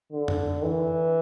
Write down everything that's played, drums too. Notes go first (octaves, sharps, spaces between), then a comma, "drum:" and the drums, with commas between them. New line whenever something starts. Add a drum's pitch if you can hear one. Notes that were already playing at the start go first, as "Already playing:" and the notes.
D3
drum: tom F2
E3